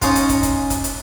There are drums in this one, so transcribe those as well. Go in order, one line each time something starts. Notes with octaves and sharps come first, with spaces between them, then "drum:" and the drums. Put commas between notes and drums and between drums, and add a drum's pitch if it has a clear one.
C#4 D#4 F4, drum: kick, hi-hat
drum: hi-hat
drum: kick, hi-hat
drum: kick, hi-hat
drum: kick, hi-hat
drum: hi-hat